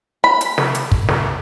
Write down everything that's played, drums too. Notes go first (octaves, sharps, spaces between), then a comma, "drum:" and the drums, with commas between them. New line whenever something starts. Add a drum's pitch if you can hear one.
B5
drum: hi-hat
drum: snare
drum: hi-hat
drum: kick
drum: snare